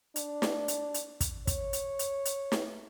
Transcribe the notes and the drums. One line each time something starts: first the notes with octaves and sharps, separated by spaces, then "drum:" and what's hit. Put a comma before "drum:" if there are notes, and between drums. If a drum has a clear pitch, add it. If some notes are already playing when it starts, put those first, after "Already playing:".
D4, drum: hi-hat
drum: snare
drum: hi-hat
drum: hi-hat
drum: kick, hi-hat
C#5, drum: kick, hi-hat
drum: hi-hat
drum: hi-hat
drum: hi-hat
drum: snare